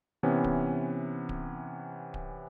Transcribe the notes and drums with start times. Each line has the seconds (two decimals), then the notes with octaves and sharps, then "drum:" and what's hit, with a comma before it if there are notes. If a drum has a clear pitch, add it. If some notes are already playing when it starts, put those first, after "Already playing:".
0.23 C3 E3 B3 C#4
0.44 drum: kick D1
1.29 drum: kick D1
2.14 drum: kick D1